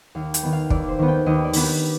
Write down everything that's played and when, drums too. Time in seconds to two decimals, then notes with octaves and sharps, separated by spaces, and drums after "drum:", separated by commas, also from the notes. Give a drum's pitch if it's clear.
0.15 D#2 F5
0.34 G5, drum: hi-hat
0.43 D#3 B3
0.52 F5
0.70 D#2 D5, drum: kick
0.89 C5
0.99 D#3 B3
1.08 G5
1.26 D#2 D#5
1.44 D5
1.53 D#3 B3 D4, drum: open hi-hat
1.63 G4